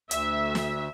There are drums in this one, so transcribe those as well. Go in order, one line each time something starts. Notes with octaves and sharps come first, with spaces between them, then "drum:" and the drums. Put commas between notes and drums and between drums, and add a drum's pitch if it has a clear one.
D2 E5, drum: hi-hat
drum: snare